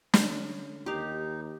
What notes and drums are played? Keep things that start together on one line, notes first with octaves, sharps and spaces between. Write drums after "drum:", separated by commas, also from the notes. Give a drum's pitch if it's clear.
D3 C#4, drum: snare
D#2 D#4 G4 F5